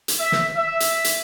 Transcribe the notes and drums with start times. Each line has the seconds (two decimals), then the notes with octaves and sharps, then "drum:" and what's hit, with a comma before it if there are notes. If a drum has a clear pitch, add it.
0.08 drum: hi-hat
0.19 E5
0.32 drum: snare
0.56 E5
0.80 drum: hi-hat
1.04 drum: hi-hat